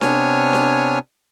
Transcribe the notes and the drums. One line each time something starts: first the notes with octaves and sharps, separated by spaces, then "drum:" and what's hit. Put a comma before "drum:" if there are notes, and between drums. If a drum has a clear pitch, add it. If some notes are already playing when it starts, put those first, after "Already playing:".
C3 B3 D4 C#5 G#5 F6, drum: snare D4
drum: snare D4